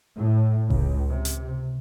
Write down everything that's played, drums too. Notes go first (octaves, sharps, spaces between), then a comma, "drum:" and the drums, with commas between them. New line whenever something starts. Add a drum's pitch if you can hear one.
A2
C#2, drum: kick F1
C3
drum: hi-hat